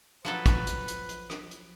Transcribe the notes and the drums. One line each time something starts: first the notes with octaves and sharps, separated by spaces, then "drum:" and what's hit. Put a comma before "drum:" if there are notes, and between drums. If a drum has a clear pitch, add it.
F3 F#3 A4 B4, drum: rim click
drum: kick, hi-hat
drum: hi-hat
drum: hi-hat
drum: hi-hat
drum: rim click
drum: hi-hat